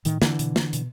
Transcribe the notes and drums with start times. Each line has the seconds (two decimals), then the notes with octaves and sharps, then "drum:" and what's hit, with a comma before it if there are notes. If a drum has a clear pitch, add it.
0.05 A2 D#3, drum: hi-hat
0.22 D3 E3, drum: snare
0.39 B2, drum: hi-hat
0.56 drum: snare
0.73 B2, drum: hi-hat